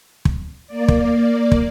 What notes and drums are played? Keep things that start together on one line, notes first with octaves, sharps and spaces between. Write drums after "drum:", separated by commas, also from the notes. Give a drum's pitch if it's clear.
drum: kick
A#3 D5
drum: kick
drum: kick